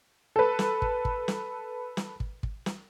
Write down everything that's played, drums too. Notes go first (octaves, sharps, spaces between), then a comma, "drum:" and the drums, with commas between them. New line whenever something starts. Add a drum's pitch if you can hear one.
A4 B4
drum: snare
drum: kick
drum: kick
drum: snare
drum: snare
drum: kick
drum: kick
drum: snare